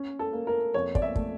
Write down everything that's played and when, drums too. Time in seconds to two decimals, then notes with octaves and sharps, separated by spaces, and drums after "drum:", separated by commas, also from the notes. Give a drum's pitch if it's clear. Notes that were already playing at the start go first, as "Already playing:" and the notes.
Already playing: C#4
0.19 A4
0.33 A#3
0.47 A#4
0.74 F2 C#5
0.95 D5, drum: kick
1.02 E5
1.16 A3, drum: kick